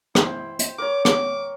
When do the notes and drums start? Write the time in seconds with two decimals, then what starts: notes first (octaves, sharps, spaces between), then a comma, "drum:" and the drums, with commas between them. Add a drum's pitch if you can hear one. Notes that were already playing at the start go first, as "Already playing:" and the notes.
0.15 E4 C5 G5, drum: rim click
0.59 drum: hi-hat
0.78 A#4 C#5 D6
1.05 D6, drum: rim click